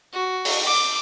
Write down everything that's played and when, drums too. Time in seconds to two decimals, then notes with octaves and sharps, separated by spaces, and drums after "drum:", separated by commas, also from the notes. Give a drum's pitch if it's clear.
0.13 F#4
0.45 drum: open hi-hat
0.65 D6